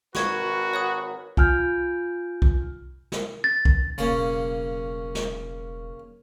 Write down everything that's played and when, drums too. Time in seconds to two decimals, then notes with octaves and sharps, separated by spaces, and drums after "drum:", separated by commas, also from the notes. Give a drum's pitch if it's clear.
0.15 G#1 F#4 A#4 B4 C#6 G#6, drum: snare
0.74 C#5 F#5 D#6
1.37 F4 G#5 F6 G6, drum: kick B1
2.42 drum: kick B1
3.12 drum: snare
3.44 A6
3.65 drum: kick B1
3.98 E1 C#3 F#3 A#3 C#4, drum: hi-hat
5.15 drum: snare